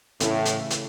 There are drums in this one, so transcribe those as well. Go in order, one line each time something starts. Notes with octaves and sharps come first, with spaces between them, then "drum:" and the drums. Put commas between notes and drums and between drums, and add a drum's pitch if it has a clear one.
A2 C#3 E3 A3 C#4 E4, drum: hi-hat
drum: hi-hat
drum: hi-hat